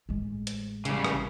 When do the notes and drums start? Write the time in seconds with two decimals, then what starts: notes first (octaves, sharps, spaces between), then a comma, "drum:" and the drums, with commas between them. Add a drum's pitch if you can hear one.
0.09 A1 G#3
0.47 drum: hi-hat
0.85 C#3 G3, drum: hi-hat
1.04 drum: rim click